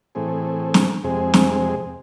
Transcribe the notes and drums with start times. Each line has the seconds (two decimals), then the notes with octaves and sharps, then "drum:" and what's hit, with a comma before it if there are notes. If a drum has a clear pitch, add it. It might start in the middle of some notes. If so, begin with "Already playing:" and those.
0.15 A2 E3 A3 C4 G#4
0.74 drum: snare
1.04 F2 C3 G#3 C4 G#4
1.34 drum: snare